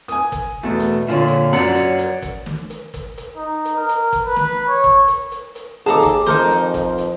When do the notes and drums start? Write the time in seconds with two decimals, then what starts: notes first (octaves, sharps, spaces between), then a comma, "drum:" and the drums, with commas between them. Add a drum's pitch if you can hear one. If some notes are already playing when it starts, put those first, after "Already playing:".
0.08 G#5 D#6, drum: hi-hat
0.32 drum: kick G1, hi-hat
0.63 E2 B2 A3
0.80 drum: hi-hat
1.08 A#2 D3 F4 C#5
1.27 drum: hi-hat
1.53 F#2 C#5 D5 F#5, drum: hi-hat
1.75 drum: hi-hat
1.99 drum: hi-hat
2.22 drum: kick G1, hi-hat
2.46 drum: snare
2.70 drum: hi-hat
2.94 drum: kick G1, hi-hat
3.17 drum: hi-hat
3.36 D#4
3.65 drum: hi-hat
3.76 A#4
3.89 drum: hi-hat
4.13 drum: kick G1, hi-hat
4.25 B4
4.36 drum: snare
4.68 C#5
4.84 drum: kick G1
5.08 drum: hi-hat
5.31 drum: hi-hat
5.55 drum: hi-hat
5.86 D#2 G#4 A4 A5 A#5 D6
6.03 drum: kick G1, hi-hat
6.26 F2 D#4 A#4 C5, drum: snare
6.50 drum: hi-hat
6.74 drum: kick G1, hi-hat
6.98 drum: hi-hat